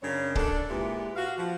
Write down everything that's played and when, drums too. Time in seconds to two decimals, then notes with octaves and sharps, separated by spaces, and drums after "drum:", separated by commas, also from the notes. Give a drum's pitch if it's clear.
0.02 F#2 C#3 C4 D4 A#4 C#5
0.35 D4 A4, drum: kick C#1
0.70 A#2 G#3 B3 E4 G4
1.16 F#4 F5
1.37 F3 F4